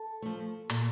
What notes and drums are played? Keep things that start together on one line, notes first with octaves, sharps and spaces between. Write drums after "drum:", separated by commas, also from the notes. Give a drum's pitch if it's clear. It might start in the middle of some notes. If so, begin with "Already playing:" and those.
Already playing: A4
F3 A3
A#2, drum: hi-hat